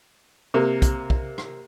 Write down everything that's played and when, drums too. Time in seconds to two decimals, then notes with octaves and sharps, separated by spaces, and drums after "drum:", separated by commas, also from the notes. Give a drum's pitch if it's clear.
0.54 C3 A#3
0.82 drum: kick, hi-hat
1.10 drum: kick
1.38 drum: rim click